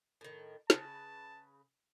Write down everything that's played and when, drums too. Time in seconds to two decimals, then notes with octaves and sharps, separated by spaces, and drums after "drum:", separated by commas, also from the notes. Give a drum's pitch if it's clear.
0.21 A2 D#3
0.70 C#3 B4 A5, drum: snare